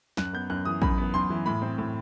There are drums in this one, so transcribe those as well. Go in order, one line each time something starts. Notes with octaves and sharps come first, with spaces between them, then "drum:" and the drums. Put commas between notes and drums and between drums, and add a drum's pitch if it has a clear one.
F#2 F#6, drum: snare
B3 G6
F#2 F#6
E3 D#6
F#2 B5, drum: kick
B3
F#2 C6
E3
A2 B5
C4
A2